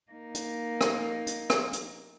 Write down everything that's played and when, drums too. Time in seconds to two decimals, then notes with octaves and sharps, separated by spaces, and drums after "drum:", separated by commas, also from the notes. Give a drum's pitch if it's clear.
0.11 A#3 D#4
0.35 drum: hi-hat
0.81 drum: rim click
1.27 drum: hi-hat
1.50 drum: rim click
1.73 drum: hi-hat